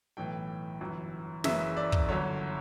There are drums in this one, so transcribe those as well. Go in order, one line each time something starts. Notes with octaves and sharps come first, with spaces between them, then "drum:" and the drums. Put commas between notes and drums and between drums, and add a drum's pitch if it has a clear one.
B1 A2 E3 G5
G1 F#2 E3
F#1 F#2 C#3 E3 E5, drum: snare
D5
drum: kick
G1 F#2 D3 C#5